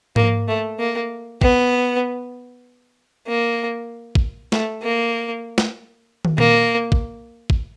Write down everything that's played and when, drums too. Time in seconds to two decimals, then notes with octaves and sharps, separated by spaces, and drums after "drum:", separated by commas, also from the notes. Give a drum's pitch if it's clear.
0.16 A#3, drum: tom G#2
0.48 A3
0.79 A#3
1.42 B3, drum: kick
3.28 A#3
4.15 drum: kick
4.52 A3, drum: snare
4.83 A#3
5.58 drum: snare
6.25 drum: tom
6.38 A#3, drum: tom A#2
6.92 drum: kick
7.50 drum: kick